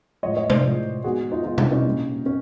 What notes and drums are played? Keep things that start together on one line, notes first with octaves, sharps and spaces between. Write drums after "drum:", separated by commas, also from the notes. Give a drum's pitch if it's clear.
A2 F3 G#3 C#5 D#5
C#5 D#5
C5 D5, drum: tom
A2 F3 G#3
D#3 G#3 B3 F#4 G#4
D#4 F4
D#3 G#3 B3 D#4 F4
D4 E4, drum: tom B2
C#4 D#4
A#2 G3 A#3
A#3 C#4